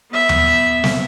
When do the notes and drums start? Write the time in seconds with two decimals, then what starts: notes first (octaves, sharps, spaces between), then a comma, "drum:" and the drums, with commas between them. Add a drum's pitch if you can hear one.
0.11 B3 E5
0.29 drum: tom D#2
0.84 drum: snare